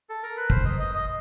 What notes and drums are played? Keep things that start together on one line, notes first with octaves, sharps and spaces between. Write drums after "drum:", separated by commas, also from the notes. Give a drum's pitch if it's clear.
A4
A#4
B4
C5, drum: kick
D#5
D#5
D#5